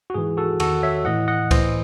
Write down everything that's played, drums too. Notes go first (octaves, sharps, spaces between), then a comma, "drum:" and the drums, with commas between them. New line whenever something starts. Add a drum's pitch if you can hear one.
F#4
G#2 E3 G#4
F#4 A4
E2 D#3 F#4 A4, drum: cymbal
C#5 E5
A2 E3 D#5 F#5
D#5 F#5
A2 E3 C5 D#5, drum: kick C#2, cymbal